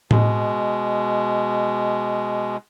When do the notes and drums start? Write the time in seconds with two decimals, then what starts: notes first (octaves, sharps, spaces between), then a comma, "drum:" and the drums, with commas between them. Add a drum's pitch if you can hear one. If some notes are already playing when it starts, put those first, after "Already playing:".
0.11 B2 G#3, drum: tom A2